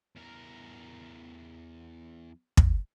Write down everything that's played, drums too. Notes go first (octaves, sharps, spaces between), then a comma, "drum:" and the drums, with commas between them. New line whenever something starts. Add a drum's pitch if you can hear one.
E2 A#4
drum: kick